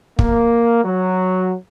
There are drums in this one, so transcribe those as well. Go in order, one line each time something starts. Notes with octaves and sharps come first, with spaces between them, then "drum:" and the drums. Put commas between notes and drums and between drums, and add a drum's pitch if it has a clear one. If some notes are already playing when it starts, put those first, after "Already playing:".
A#3, drum: kick
F#3